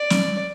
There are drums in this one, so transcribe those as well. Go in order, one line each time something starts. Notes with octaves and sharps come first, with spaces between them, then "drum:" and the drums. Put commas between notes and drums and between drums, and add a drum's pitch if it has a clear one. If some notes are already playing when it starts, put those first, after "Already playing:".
Already playing: D5
drum: snare